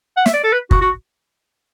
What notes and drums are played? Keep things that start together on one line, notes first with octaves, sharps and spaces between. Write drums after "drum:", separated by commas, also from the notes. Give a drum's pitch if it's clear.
F#5
E5, drum: snare
D5
A4
B4
F#4, drum: kick
F#4